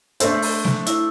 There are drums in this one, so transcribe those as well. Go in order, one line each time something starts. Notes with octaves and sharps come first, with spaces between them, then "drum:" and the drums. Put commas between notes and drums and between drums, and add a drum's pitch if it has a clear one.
A3 D4 A4 C5, drum: hi-hat
drum: open hi-hat
drum: snare
E4, drum: hi-hat